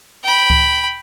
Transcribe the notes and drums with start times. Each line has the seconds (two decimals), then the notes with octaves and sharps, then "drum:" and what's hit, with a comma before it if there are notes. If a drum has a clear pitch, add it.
0.23 G5 B5
0.50 drum: kick C#2